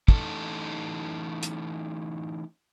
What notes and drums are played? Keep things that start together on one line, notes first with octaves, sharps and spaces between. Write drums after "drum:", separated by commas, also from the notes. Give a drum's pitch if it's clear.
E3 A3 C#4 D#4 A4, drum: kick
drum: hi-hat